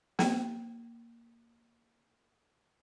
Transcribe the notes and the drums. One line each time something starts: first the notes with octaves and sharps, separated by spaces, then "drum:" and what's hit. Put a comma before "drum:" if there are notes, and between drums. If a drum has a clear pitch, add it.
A#3 G5, drum: snare